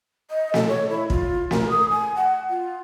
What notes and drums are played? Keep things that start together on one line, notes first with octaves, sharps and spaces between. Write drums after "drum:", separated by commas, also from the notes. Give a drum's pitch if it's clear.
D#5
A4, drum: snare
C#5
E4
F4, drum: kick
A#4, drum: snare
D#6
G#5
F#5
F4